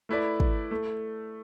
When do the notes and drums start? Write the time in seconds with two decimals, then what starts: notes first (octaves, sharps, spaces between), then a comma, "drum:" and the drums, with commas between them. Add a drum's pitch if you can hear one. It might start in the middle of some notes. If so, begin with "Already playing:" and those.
0.09 A3 E4 B4 D5
0.40 drum: kick
0.71 A3